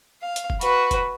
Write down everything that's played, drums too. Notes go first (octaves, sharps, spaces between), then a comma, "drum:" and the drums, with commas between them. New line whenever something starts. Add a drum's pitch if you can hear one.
F5
drum: hi-hat
drum: kick
F#4 B4, drum: hi-hat
drum: kick, hi-hat